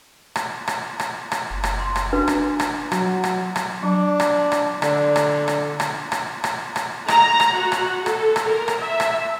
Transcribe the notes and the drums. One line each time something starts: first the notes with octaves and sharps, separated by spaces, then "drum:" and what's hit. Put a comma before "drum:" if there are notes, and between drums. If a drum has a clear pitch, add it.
drum: rim click
drum: rim click
drum: rim click
drum: rim click
F#1
drum: rim click
C6
drum: rim click
D4 F#4 B4
drum: rim click
drum: rim click
F#3, drum: rim click
drum: rim click
drum: rim click
F#3 D4
drum: rim click
drum: rim click
D3 D5, drum: rim click
drum: rim click
drum: rim click
drum: rim click
drum: rim click
drum: rim click
drum: rim click
A#5, drum: rim click
drum: rim click
F#4
drum: rim click
A4, drum: rim click
drum: rim click
A#4
drum: rim click
E5
drum: rim click